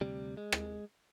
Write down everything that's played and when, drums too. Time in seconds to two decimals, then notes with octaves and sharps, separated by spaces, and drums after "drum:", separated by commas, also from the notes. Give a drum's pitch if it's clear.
0.01 D2 C3 G3
0.37 G#3
0.52 drum: rim click